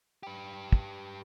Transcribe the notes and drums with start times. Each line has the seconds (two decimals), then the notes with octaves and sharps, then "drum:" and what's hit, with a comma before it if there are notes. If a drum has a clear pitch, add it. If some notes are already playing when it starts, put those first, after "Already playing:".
0.23 G4 B4
0.73 drum: kick